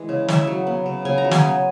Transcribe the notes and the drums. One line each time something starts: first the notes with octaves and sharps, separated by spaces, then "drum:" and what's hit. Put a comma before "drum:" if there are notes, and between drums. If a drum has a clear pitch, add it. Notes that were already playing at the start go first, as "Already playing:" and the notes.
Already playing: E3 G#3
C#3
C#3 E5, drum: snare
F#3
B3
C#3
C#3 G#5
A#5
F#3
G#5, drum: snare
B3